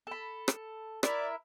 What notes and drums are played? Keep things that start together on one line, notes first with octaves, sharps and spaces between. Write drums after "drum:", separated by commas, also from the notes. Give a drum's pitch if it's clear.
A4 B5
drum: rim click
E4 A#4 D5 E5, drum: rim click